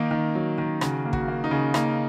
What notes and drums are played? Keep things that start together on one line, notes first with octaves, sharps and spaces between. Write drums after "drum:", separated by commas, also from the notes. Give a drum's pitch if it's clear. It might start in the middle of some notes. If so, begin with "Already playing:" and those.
Already playing: D#3 A#3 D#4
D#3
F#3
D#3
C#3 F#4, drum: rim click
A#3
F#4, drum: kick
A#3
D#4
C#3
A#3 D#4, drum: rim click